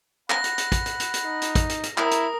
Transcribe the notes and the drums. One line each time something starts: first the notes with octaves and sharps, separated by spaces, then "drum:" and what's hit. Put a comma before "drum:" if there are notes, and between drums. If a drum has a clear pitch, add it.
F#5 B5 A#6, drum: clap
drum: hi-hat
drum: hi-hat
drum: kick, hi-hat
drum: hi-hat
drum: hi-hat
drum: hi-hat
D#4
drum: hi-hat
drum: kick, hi-hat
drum: hi-hat
drum: hi-hat
E4 A#4 D#6, drum: clap
drum: hi-hat